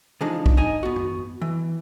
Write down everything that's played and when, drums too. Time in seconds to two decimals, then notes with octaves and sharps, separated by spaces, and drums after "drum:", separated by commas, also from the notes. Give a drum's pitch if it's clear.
0.21 C#3 E3 F3 G#3 D4 D#4
0.46 drum: kick
0.57 D#4 D#5 G#5
0.83 B3 F#4
0.96 drum: tom F#2
1.41 E3